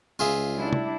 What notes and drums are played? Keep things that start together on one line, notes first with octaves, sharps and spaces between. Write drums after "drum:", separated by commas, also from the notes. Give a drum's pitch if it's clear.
C#2 F4 G#4 E5
G3 D4 E4
drum: tom